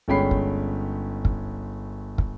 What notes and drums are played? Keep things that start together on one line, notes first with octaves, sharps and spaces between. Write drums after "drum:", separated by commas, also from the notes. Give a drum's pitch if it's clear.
G1 G#3 C#4 G5 B5 C7
drum: kick
drum: kick
drum: kick